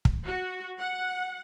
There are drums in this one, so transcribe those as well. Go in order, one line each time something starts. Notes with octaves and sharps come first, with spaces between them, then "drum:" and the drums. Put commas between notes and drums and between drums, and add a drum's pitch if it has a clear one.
drum: kick
F#4
F#5